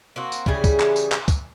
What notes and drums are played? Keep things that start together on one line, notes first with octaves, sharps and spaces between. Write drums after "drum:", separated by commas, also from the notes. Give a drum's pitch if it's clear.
A#3 C4 F#4
drum: tambourine
C#3 E3 G3 G#4, drum: kick
drum: kick, tambourine
drum: clap
drum: tambourine
drum: clap
drum: kick, tambourine